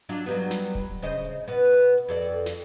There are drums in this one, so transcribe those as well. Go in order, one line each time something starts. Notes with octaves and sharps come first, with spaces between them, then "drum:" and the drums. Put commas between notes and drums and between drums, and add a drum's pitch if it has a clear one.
F#3 D4 F4
F#3 G3 B3, drum: hi-hat
drum: snare
drum: kick D#1, hi-hat
C#3 C5 D#5, drum: hi-hat
drum: hi-hat
B2 B3, drum: hi-hat
drum: hi-hat
drum: hi-hat
F2 A4 D5
drum: hi-hat
drum: snare